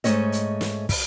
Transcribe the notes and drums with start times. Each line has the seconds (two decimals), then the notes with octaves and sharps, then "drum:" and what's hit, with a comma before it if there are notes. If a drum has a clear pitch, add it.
0.04 G#2 D3 A3 C#4 D#5, drum: hi-hat
0.32 drum: hi-hat
0.61 drum: snare
0.89 drum: kick, open hi-hat